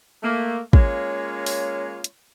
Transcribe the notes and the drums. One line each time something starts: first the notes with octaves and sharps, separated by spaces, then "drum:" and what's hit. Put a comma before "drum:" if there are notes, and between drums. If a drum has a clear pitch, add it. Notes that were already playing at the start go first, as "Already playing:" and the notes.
A3 A#3
G#3 A#3 C#4 F4 C#5, drum: kick
drum: open hi-hat
drum: hi-hat